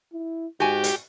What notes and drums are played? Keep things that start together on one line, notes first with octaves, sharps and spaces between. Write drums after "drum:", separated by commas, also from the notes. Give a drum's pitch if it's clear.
E4
G#2 F#4 G4 G#5
drum: hi-hat